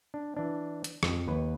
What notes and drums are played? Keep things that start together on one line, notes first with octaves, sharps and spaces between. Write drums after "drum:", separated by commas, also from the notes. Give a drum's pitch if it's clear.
D4
E3 D4
drum: hi-hat
F2, drum: rim click
D#2 B4